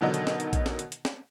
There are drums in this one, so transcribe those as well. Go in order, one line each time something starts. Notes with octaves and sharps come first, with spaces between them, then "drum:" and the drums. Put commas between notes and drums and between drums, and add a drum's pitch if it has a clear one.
B2 D3 D#3 F#3 D#4
drum: hi-hat
drum: snare
drum: hi-hat
drum: kick A#1, hi-hat
drum: snare
drum: hi-hat
drum: hi-hat
drum: snare